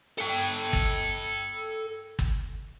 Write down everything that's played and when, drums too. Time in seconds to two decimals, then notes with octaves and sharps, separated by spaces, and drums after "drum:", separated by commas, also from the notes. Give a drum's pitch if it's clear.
0.18 A4 G5
0.73 drum: kick
2.19 drum: kick